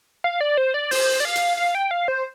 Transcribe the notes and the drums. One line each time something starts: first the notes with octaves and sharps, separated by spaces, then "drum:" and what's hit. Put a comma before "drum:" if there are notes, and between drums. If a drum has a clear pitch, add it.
F5
D5
C5
D5
C5, drum: open hi-hat
D5
F5
drum: hi-hat
F5
G5
F5
C5